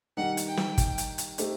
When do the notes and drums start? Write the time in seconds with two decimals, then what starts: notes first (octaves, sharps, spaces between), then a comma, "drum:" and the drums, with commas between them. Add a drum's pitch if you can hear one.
0.17 D#3 G3 D#4 F#5
0.37 drum: hi-hat
0.48 G5
0.57 drum: snare
0.78 drum: kick, hi-hat
0.98 drum: hi-hat
1.18 drum: hi-hat
1.38 A3 D#4 G4 C5, drum: hi-hat